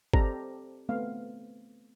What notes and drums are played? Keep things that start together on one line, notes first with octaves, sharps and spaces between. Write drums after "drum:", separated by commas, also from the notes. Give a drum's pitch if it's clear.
C4 G4 A4 C5 D5 A#5, drum: kick
A3 B3 C4 F5